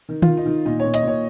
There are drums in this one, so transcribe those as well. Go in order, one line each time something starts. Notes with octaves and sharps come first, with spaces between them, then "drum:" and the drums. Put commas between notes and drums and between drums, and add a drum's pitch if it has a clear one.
D#3
D#3 F4, drum: tom D#3
D#4
D#3
A#2 D#4
A#2 C#5
D#5, drum: hi-hat
A#2 C#5